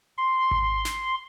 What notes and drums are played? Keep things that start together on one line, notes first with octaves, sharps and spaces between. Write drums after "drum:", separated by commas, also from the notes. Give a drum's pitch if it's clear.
C6
drum: kick G#1
drum: snare